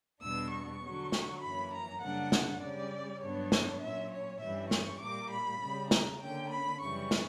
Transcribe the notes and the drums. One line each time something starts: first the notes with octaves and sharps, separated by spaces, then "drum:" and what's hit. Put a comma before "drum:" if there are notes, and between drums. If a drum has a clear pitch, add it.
E2 B2 G3 B3 D4 E6
C#6
D3 F#3 C#4
drum: snare
F#2 E3 A#3 C#4 B5
A#5
F#2 C#3 G3 A#3 D4 F#5
drum: snare
C#3 G3 C#4 D5
G2 F#3 B3 D4 C#5
drum: snare
A#2 F#3 C#4 E5
C#5
G2 E3 G3 C#4 E5
C#6, drum: snare
A#2 G3 A#3 D6
B5
C#3 G3 C#4
A#5, drum: snare
D3 A#3 C#4 G5
B5
F#2 C#3 E3 G3 C#4 C#6
drum: snare